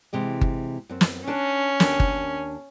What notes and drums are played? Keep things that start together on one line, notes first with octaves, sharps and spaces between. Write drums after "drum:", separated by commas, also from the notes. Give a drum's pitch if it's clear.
C3 E3 G#3
drum: kick G1
F#2 C4
drum: snare
C#4 D4 B4 A5
D#2 D4 A#4, drum: snare
drum: kick G1